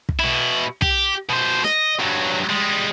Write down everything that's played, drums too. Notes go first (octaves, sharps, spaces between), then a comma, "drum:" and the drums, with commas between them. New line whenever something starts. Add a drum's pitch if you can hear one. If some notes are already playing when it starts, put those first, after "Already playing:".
drum: kick
B2 E4
G4, drum: kick
B2 C5
D#5, drum: snare
G2 F#3
G3 G#3